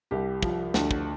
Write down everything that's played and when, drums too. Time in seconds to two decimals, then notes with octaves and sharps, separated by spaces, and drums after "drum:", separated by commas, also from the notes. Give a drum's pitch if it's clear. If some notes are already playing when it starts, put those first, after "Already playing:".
0.11 C2 G4
0.43 F3, drum: kick
0.74 D2, drum: snare
0.91 drum: kick